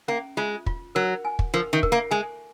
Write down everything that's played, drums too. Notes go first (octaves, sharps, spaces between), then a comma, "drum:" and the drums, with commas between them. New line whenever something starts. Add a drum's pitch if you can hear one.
A#3 C#4
G#3 F4
F4, drum: kick
F#3 A#4
G#5
drum: kick
F3 A#4
D#3
A#4, drum: kick
A#3
G#3 G#5